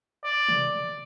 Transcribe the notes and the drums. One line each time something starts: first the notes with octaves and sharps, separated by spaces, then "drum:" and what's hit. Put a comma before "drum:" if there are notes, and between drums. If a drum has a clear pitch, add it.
D5
drum: tom